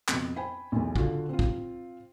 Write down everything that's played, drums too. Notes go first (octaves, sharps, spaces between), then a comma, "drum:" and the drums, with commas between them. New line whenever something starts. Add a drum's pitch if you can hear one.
F2 B2, drum: clap
C5 G5 G#5 B5
B1 E2
D3 F4 F#4, drum: kick
C4 F4
drum: kick